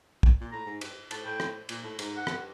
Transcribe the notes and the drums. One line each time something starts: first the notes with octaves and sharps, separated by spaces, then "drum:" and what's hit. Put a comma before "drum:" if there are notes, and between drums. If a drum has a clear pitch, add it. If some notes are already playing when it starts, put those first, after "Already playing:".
drum: kick
A#2
A2 A#5
G#2
G2, drum: cymbal
A2 A5, drum: cymbal
A2 G5
drum: rim click
A#2, drum: cymbal
A2
G#2, drum: cymbal
F#5
G2, drum: rim click